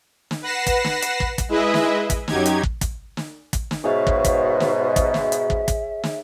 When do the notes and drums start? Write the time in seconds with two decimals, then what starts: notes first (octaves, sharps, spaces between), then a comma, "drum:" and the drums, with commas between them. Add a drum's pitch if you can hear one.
0.31 drum: snare
0.42 B4 F#5 A#6 C7 E7
0.67 drum: kick, hi-hat
0.84 drum: snare
1.02 drum: hi-hat
1.20 drum: kick
1.38 drum: kick, hi-hat
1.49 G#3 E4 G#4 B4 D#5 E5
1.74 drum: snare
2.10 drum: kick, hi-hat
2.28 F#2 F#3 D#4 G4 G#6, drum: snare
2.46 drum: hi-hat
2.63 drum: kick
2.81 drum: kick, hi-hat
3.17 drum: snare
3.53 drum: kick, hi-hat
3.71 drum: snare
3.84 G#2 B2 G#4 C#5 E5 F5
4.07 drum: kick
4.25 drum: kick, hi-hat
4.60 drum: snare
4.96 drum: kick, hi-hat
5.14 drum: snare
5.32 drum: hi-hat
5.50 drum: kick
5.68 drum: kick, hi-hat
6.04 drum: snare